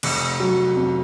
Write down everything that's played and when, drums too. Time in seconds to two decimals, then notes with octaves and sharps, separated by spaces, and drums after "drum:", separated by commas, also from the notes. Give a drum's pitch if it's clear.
0.03 F1, drum: cymbal
0.40 F#3
0.76 F2